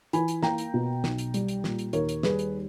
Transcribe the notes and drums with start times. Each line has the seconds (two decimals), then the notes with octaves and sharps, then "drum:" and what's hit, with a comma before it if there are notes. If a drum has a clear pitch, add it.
0.13 E3 G#5 B5, drum: hi-hat
0.28 drum: hi-hat
0.43 A#3 G5 A#5, drum: snare
0.58 drum: hi-hat
0.74 B2
1.04 B1, drum: snare
1.18 drum: hi-hat
1.34 G3, drum: hi-hat
1.48 drum: hi-hat
1.64 A#2, drum: snare
1.79 drum: hi-hat
1.93 D#2 A#4 C#5, drum: hi-hat
2.09 drum: hi-hat
2.23 G3 G#4 B4, drum: snare
2.39 drum: hi-hat